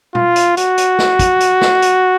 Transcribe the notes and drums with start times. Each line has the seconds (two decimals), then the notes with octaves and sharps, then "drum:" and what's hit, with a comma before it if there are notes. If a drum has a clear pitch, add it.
0.15 F4, drum: tom
0.36 drum: hi-hat
0.57 F#4, drum: hi-hat
0.78 drum: hi-hat
0.99 drum: snare
1.19 drum: kick, hi-hat
1.40 drum: hi-hat
1.61 drum: snare
1.82 drum: hi-hat